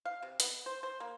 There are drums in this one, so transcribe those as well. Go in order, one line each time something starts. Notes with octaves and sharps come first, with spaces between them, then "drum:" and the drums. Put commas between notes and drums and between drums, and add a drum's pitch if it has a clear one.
F5
C3
B3, drum: hi-hat
C5
C5
A#3